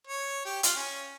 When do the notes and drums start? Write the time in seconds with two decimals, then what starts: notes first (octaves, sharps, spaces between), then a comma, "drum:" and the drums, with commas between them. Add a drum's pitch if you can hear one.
0.07 C#5
0.45 G4
0.63 F4, drum: hi-hat
0.76 C#4